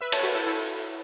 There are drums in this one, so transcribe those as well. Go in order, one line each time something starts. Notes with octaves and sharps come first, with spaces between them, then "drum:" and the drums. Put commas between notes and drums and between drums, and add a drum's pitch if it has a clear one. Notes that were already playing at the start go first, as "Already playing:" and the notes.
B4 E5
A4 C#5, drum: cymbal
F#4 B4
E4 A4
E4 A4